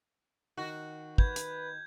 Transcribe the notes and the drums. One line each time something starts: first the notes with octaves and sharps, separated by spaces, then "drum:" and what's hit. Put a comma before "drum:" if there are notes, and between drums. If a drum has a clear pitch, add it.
D#3 F#4
B4 G6 G#6, drum: kick
drum: hi-hat